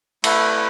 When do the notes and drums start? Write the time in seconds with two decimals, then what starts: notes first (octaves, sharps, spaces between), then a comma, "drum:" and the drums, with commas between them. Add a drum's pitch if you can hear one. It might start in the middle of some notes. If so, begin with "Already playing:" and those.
0.24 A3 E4 B4, drum: cymbal